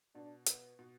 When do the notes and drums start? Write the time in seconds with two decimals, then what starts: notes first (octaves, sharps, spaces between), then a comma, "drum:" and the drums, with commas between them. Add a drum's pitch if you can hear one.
0.15 B2 D4
0.46 B3, drum: hi-hat
0.79 B2